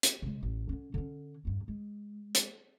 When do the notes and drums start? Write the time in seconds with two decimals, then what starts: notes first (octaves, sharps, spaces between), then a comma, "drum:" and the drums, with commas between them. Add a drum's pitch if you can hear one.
0.03 drum: hi-hat
0.22 C#3 G#3
0.43 A1
0.69 D3 C#4
0.94 D3 C#4
1.45 E2 G2
1.68 G#3
2.35 drum: hi-hat